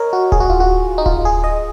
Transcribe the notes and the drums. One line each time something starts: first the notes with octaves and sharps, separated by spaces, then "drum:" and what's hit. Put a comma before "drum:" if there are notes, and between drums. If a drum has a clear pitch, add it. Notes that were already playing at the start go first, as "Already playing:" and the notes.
Already playing: A#4 C#5 D#5
F#4
G#4, drum: kick D1
F#4
F4
F#4
D#4
F4, drum: kick D1
G#4
D#5